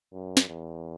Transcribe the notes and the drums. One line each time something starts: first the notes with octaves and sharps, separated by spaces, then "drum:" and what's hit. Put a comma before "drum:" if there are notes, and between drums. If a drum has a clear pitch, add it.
F#2
drum: snare
E2